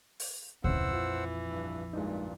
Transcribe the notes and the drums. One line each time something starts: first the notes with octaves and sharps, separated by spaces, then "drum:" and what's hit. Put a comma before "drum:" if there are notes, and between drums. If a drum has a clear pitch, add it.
drum: open hi-hat
A#1 F2 C#3 E3 C5 F#5 E6, drum: kick D2
F4
G2
G2 A#2 G#3 D#4